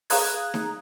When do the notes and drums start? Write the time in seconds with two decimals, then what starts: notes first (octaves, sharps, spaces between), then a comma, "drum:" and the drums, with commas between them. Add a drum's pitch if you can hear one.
0.10 G#4 F5 A#5 D#6 F#6 G#6, drum: open hi-hat
0.54 drum: snare D#4